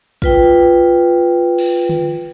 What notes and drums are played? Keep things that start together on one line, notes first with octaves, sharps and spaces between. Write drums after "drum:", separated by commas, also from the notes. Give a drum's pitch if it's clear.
F4 B4 G5, drum: kick
drum: cymbal
drum: tom D3